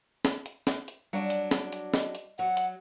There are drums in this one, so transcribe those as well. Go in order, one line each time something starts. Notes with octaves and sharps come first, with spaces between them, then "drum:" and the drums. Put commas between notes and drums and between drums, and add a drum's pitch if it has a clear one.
drum: snare
drum: hi-hat
drum: snare
drum: hi-hat
F#3 G3 D4
drum: hi-hat
drum: snare
drum: hi-hat
D#5, drum: snare
drum: hi-hat
F#3 F#5
drum: hi-hat